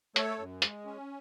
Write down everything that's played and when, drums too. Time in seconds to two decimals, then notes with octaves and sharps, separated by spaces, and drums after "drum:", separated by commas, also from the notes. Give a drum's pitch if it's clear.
0.16 A3 A4 C#5, drum: hi-hat
0.39 F#2
0.62 G#3, drum: hi-hat
0.85 C#4